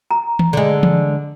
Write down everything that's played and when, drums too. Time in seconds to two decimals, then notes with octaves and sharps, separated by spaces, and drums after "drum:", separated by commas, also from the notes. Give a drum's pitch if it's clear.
0.11 A#5
0.39 drum: tom D#3
0.53 D3 G#3
0.83 drum: tom E3